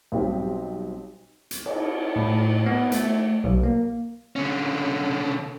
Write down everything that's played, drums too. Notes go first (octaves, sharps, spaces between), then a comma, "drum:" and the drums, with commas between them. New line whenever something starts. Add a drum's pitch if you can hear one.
B1 G3 C4 D#4 G4 G5
drum: hi-hat
drum: cymbal
A2
B3
A3, drum: hi-hat
B1
A#3
D3 C#4